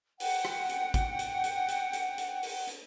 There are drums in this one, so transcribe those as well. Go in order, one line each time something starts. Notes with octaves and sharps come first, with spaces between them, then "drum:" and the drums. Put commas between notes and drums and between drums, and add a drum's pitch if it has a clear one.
F#5 G5, drum: open hi-hat
drum: rim click
drum: hi-hat
drum: kick G#1, hi-hat
drum: hi-hat
drum: hi-hat
drum: hi-hat
drum: hi-hat
drum: hi-hat
drum: open hi-hat
drum: hi-hat